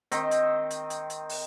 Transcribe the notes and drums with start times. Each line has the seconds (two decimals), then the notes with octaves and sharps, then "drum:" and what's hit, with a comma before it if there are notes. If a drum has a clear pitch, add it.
0.12 D#3 C4 D#5, drum: hi-hat
0.31 drum: hi-hat
0.70 drum: hi-hat
0.90 drum: hi-hat
1.10 drum: hi-hat
1.29 drum: open hi-hat